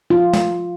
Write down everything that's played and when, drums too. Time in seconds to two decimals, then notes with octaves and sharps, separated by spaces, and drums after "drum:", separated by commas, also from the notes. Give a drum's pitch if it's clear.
0.10 F4
0.33 drum: snare